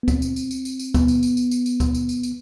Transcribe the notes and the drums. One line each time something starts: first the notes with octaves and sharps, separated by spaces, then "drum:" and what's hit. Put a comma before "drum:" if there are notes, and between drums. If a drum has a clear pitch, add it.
B3
C4, drum: kick D2, tambourine
drum: tambourine
drum: tambourine
drum: tambourine
drum: tambourine
drum: tambourine
B3, drum: kick D2, tambourine
drum: tambourine
drum: tambourine
drum: tambourine
drum: tambourine
drum: tambourine
drum: kick D2, tambourine
drum: tambourine
drum: tambourine
drum: tambourine